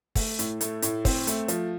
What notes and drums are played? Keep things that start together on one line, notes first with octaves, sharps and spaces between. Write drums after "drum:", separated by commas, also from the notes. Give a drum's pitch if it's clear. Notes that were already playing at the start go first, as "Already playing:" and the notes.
A3, drum: kick, open hi-hat
A2, drum: hi-hat
A3, drum: hi-hat
A2, drum: hi-hat
C4, drum: kick, open hi-hat
A3, drum: hi-hat
F3, drum: hi-hat